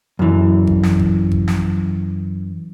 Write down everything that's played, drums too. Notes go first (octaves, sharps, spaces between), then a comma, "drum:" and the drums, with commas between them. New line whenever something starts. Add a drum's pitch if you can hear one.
F#2 E3
drum: kick G#1
drum: snare
drum: kick G#1
drum: kick G#1
drum: snare